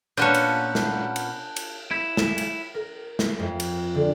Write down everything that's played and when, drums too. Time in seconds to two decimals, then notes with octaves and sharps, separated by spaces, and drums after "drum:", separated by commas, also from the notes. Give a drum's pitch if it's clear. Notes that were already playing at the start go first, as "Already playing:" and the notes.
0.17 A#2 B3 C#4 D4 C#5 A5 F#6 G6
0.34 drum: cymbal
0.75 drum: snare
1.16 drum: cymbal
1.56 drum: cymbal
1.91 E4
2.17 drum: snare
2.38 drum: cymbal
2.74 A#4
3.19 drum: snare
3.39 F2
3.60 drum: cymbal
3.95 D3